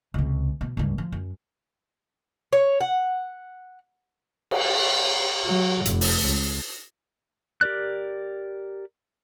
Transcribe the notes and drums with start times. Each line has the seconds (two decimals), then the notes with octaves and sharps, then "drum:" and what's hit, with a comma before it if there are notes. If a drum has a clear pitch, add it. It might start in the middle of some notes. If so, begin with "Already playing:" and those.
0.14 C#2 C3
0.61 B2
0.77 C#2 G2
0.98 F3
1.12 F#2
2.53 C#5
2.81 F#5
4.51 drum: cymbal
5.46 F#3
5.85 F1, drum: hi-hat
6.01 drum: open hi-hat
6.23 C#2
7.61 G4 A#4 D5 F#6